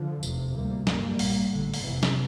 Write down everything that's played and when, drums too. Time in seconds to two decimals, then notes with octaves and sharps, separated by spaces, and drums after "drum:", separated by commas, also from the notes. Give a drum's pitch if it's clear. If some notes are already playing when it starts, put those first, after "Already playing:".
Already playing: D3 F3
0.23 F1 E2 C3, drum: tambourine
0.55 D2 C3 G3 A#3
0.87 G1 G2 G3 A#3, drum: snare
1.19 A#1 A#2, drum: open hi-hat
1.51 A1 A2 D3
1.74 drum: open hi-hat
1.83 F1 E2 C3 E3
2.03 drum: snare